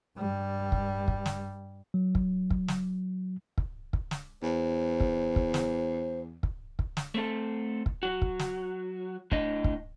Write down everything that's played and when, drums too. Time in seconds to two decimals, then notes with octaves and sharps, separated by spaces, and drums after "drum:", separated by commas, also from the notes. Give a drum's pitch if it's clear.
0.18 G2 G3
0.72 drum: kick
1.08 drum: kick
1.26 drum: snare
1.94 F#3
2.15 drum: kick
2.50 drum: kick
2.68 drum: snare
3.58 drum: kick
3.93 drum: kick
4.11 drum: snare
4.42 E2 C5
5.00 drum: kick
5.36 drum: kick
5.54 drum: snare
6.43 drum: kick
6.79 drum: kick
6.97 drum: snare
7.15 A3 C4 A4
7.86 drum: kick
8.03 F#3 F#4
8.22 drum: kick
8.39 drum: snare
9.31 A2 D4 D#5, drum: kick
9.64 drum: kick